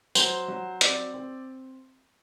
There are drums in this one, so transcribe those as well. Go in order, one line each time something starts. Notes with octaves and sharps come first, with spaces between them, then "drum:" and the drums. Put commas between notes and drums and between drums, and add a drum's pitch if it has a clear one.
F#3 C5, drum: tambourine
F#3
C4 D5, drum: hi-hat
C4